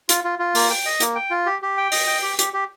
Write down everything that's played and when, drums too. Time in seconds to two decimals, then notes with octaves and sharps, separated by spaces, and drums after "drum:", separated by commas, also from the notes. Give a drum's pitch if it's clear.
0.09 F4, drum: hi-hat
0.24 F4
0.39 F4
0.55 A#3, drum: open hi-hat
0.70 G5
0.85 D#5
1.00 A#3, drum: hi-hat
1.15 G5
1.30 F4
1.46 G4
1.62 G4
1.77 G5
1.92 D#5, drum: open hi-hat
2.07 G5
2.22 G4
2.39 G4, drum: hi-hat
2.54 G4